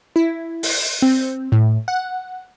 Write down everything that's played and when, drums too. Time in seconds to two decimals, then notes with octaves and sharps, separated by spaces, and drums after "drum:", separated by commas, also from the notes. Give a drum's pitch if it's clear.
0.16 E4
0.63 drum: open hi-hat
1.02 C4
1.52 A2
1.88 F#5